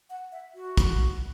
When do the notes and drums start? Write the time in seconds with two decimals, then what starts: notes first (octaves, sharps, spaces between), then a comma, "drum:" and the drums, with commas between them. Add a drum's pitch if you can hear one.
0.10 F#5
0.32 E5
0.55 F#4
0.77 drum: kick, hi-hat